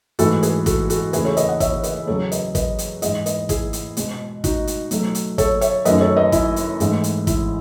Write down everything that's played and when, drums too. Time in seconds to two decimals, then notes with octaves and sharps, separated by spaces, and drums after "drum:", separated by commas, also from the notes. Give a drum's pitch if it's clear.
0.19 G#2 E3 A3 F#4 A4, drum: hi-hat
0.43 G#4 B4, drum: hi-hat
0.66 F#4 A4, drum: kick, hi-hat
0.90 F#4 A4, drum: hi-hat
1.13 E2 C#3 E3 A3 G#4 B4, drum: hi-hat
1.25 A4 C#5
1.37 B4 D#5, drum: hi-hat
1.49 D#5 F#5
1.60 C#5 E5, drum: kick, hi-hat
1.73 C#5
1.83 B4 D#5, drum: hi-hat
2.07 E2 C#3 F#3 A4 C#5
2.32 B4 D#5, drum: hi-hat
2.55 B4 D#5, drum: kick, hi-hat
2.79 drum: hi-hat
3.02 G#2 E3 G#3 D#5 F#5, drum: hi-hat
3.26 B4 D#5, drum: hi-hat
3.49 E4 G#4, drum: kick, hi-hat
3.73 drum: hi-hat
3.97 B2 G#3, drum: hi-hat
4.44 D#4 F#4, drum: kick, hi-hat
4.67 drum: hi-hat
4.91 B2 F#3 A3, drum: hi-hat
5.15 drum: hi-hat
5.38 A4 C#5, drum: kick, hi-hat
5.61 C#5 E5, drum: hi-hat
5.85 F#2 D#3 F#3 A3 B4 D#5, drum: hi-hat
6.01 A4 C#5
6.17 B4 D#5
6.32 E4, drum: kick, hi-hat
6.56 drum: hi-hat
6.80 G#2 E3 A3, drum: hi-hat
7.04 drum: hi-hat
7.27 E4, drum: kick, hi-hat